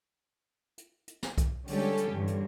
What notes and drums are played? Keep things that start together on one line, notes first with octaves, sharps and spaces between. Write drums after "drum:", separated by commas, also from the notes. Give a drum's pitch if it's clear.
drum: hi-hat
drum: hi-hat
drum: snare
drum: kick B1, hi-hat
D3 G3 G#3 C#4 G4 A4, drum: open hi-hat
drum: hi-hat
E2 G2 D3
drum: hi-hat